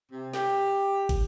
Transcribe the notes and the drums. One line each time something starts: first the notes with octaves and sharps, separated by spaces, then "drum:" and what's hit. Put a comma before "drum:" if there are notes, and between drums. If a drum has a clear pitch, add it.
C3
G4, drum: snare
drum: kick, hi-hat